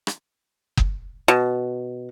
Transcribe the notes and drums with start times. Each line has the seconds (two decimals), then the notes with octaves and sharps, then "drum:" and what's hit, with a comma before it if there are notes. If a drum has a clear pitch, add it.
0.07 drum: rim click
0.77 drum: kick F#1
1.28 B2